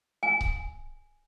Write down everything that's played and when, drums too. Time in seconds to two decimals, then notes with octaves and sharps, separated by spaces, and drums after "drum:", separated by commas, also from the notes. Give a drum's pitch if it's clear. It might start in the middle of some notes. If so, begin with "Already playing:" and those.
0.23 G#5
0.41 drum: kick C#1